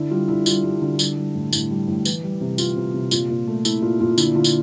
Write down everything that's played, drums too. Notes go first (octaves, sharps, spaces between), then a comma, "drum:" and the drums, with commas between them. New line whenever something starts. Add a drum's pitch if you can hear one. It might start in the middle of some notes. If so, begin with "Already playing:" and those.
Already playing: D3 E4
G3 F4
D3 E4
G3 F4, drum: tambourine
G3
D3
G3 E4, drum: tambourine
G3
A2
A2, drum: tambourine
G3
A2
E3, drum: tambourine
G3
C3
C3 F4, drum: tambourine
C3
C3
A#2 F4, drum: tambourine
A#2
A3
A3 E4, drum: tambourine
A#2 F4
A#2 F4
D3 E4, drum: tambourine
D3 F4
drum: tambourine